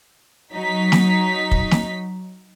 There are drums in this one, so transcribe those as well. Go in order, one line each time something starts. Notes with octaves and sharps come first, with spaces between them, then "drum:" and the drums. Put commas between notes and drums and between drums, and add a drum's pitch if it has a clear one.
F#3 D#4 B6
drum: snare
drum: kick
drum: snare